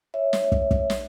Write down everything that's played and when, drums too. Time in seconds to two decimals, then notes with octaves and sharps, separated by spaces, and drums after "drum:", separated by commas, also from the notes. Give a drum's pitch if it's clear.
0.14 C#5 E5
0.33 drum: snare
0.52 drum: kick
0.71 drum: kick
0.90 drum: snare